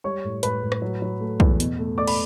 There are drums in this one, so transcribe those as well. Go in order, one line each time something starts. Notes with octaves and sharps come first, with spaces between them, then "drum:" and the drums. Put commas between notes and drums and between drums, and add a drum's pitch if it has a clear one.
G3 C#5 C#6
A2
A2 B4 B5, drum: hi-hat
A2
drum: rim click
F#3
F#3
A3
E2, drum: kick
B2, drum: hi-hat
A3
A3 D5 D6
B5, drum: cymbal